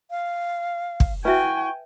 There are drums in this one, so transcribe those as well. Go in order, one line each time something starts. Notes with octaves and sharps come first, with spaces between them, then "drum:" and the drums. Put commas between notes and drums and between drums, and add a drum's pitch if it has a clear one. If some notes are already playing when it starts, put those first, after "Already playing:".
F5
drum: kick
E4 F#4 B4 E5 G5 G#5 C#6